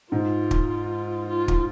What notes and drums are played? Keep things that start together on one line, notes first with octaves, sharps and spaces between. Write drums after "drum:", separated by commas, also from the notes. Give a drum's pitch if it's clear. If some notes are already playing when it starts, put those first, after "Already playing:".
G#2 F4
drum: kick
F4
drum: kick